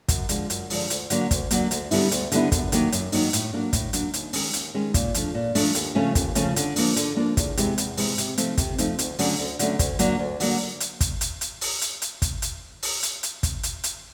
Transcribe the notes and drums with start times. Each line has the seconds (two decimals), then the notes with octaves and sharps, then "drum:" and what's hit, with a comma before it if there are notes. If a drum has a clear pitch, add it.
0.08 F#2, drum: kick, hi-hat
0.29 D3 F3 G#3, drum: hi-hat
0.50 F#2, drum: hi-hat
0.70 D3 F3 G#3, drum: open hi-hat
0.90 D2, drum: hi-hat
1.10 D3 F#3 A#3, drum: hi-hat
1.31 D2, drum: kick, hi-hat
1.51 D3 F#3 A#3, drum: hi-hat
1.71 D2, drum: hi-hat
1.91 D3 G3 B3 E4, drum: open hi-hat
2.11 D2, drum: hi-hat
2.32 D3 G3 B3 E4, drum: hi-hat
2.52 F#2, drum: kick, hi-hat
2.72 D#3 F#3 A#3 D#4, drum: hi-hat
2.92 F#2, drum: hi-hat
3.12 D#3 F#3 A#3 D#4, drum: open hi-hat
3.33 A2, drum: hi-hat
3.53 F#3 A#3 D4
3.73 A2, drum: kick, hi-hat
3.93 F#3 A#3 D4, drum: hi-hat
4.14 D#2, drum: hi-hat
4.33 D#3 G#3 C#4, drum: open hi-hat
4.53 D#2, drum: hi-hat
4.74 D#3 G#3 C#4
4.94 A#2, drum: kick, hi-hat
5.14 F3 A3 D4, drum: hi-hat
5.34 A#2
5.55 F3 A3 D4, drum: open hi-hat
5.75 D#2, drum: hi-hat
5.95 C#3 F3 A3 C#4
6.15 D#2, drum: kick, hi-hat
6.35 C#3 F3 A3 C#4, drum: hi-hat
6.56 D3, drum: hi-hat
6.76 F3 A#3 D4, drum: open hi-hat
6.96 D3, drum: hi-hat
7.16 F3 A#3 D4
7.37 E2, drum: kick, hi-hat
7.57 C3 E3 G#3, drum: hi-hat
7.78 E2, drum: hi-hat
7.97 C3 E3 G#3, drum: open hi-hat
8.18 C3, drum: hi-hat
8.38 F3 A3 C4 D#4, drum: hi-hat
8.58 C3, drum: kick, hi-hat
8.78 F3 A3 C4 D#4, drum: hi-hat
8.99 D2, drum: hi-hat
9.19 D3 F#3 A3 C#4, drum: open hi-hat
9.39 D2
9.59 D3 F#3 A3 C#4, drum: hi-hat
9.79 D2, drum: kick, hi-hat
9.99 D3 F#3 A#3, drum: hi-hat
10.19 D2
10.40 D3 F#3 A#3, drum: open hi-hat
10.80 drum: hi-hat
11.01 drum: kick, hi-hat
11.21 drum: hi-hat
11.41 drum: hi-hat
11.61 drum: open hi-hat
11.81 drum: hi-hat
12.02 drum: hi-hat
12.22 drum: kick, hi-hat
12.42 drum: hi-hat
12.82 drum: open hi-hat
13.03 drum: hi-hat
13.23 drum: hi-hat
13.43 drum: kick, hi-hat
13.63 drum: hi-hat
13.84 drum: hi-hat